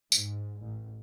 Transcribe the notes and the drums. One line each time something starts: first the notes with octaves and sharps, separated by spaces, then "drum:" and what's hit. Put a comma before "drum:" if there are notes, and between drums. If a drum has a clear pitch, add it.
G#2, drum: tambourine
A1